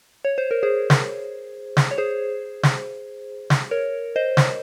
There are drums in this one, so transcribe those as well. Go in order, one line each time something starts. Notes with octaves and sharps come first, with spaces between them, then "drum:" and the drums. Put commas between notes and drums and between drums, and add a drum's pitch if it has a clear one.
C#5
C5
A#4
G#4 C5
drum: snare
drum: snare
C#5
G#4 C5
drum: snare
drum: snare
A#4 C#5
C5 D#5
drum: snare